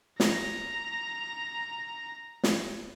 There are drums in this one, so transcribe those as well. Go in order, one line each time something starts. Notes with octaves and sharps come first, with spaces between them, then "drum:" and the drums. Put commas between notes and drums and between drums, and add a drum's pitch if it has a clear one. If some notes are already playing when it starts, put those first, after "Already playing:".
A#5 A#6, drum: snare
drum: snare